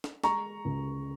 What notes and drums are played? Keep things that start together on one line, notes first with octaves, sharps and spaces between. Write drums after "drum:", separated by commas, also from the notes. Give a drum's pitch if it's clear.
drum: snare
G#3 A#5 C#6, drum: snare
C#2